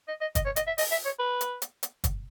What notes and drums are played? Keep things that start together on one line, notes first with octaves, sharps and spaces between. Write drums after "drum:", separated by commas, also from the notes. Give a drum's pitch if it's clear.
D#5
D#5
D#5, drum: kick, hi-hat
C#5
D#5, drum: hi-hat
E5
D#5, drum: open hi-hat
E5
C#5
B4
drum: hi-hat
drum: hi-hat
drum: hi-hat
drum: kick, hi-hat